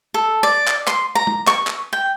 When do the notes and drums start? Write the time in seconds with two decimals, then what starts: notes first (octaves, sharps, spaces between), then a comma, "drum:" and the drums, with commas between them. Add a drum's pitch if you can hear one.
0.14 A4
0.43 D5
0.68 drum: clap
0.87 C6, drum: clap
1.15 A#5
1.27 drum: tom
1.47 C#6, drum: clap
1.67 drum: clap
1.93 G5